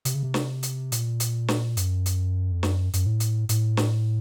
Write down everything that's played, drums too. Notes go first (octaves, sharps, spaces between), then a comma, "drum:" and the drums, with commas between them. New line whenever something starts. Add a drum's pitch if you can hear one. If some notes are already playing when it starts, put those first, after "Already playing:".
C3, drum: hi-hat
C#3
C3
drum: snare
drum: hi-hat
A#2, drum: hi-hat
drum: hi-hat
drum: snare
F#2, drum: hi-hat
drum: hi-hat
F2
F#2, drum: snare
F#2, drum: hi-hat
A2
drum: hi-hat
A2, drum: hi-hat
drum: snare